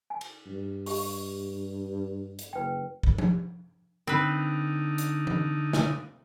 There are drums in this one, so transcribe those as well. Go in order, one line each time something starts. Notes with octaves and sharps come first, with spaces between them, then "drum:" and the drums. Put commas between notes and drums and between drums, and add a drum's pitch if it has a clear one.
G#5
drum: cymbal
G2
G4 C#6, drum: open hi-hat
drum: hi-hat
F#1 B4 G5
drum: kick
drum: tom F3
D3 C4 D#4 B4
drum: hi-hat
drum: tom E3
drum: snare